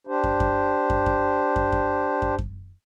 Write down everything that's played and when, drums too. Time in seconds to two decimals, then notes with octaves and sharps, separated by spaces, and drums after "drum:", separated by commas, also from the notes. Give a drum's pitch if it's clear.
0.07 D4 G4 C5
0.24 drum: kick
0.40 drum: kick
0.90 drum: kick
1.06 drum: kick
1.56 drum: kick
1.72 drum: kick
2.22 drum: kick
2.38 drum: kick